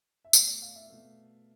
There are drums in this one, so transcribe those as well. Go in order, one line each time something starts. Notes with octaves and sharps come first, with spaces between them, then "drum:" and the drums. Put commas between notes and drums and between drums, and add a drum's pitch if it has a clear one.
E5
B2 A3 D5, drum: tambourine
D5
F5
E5
B2 A3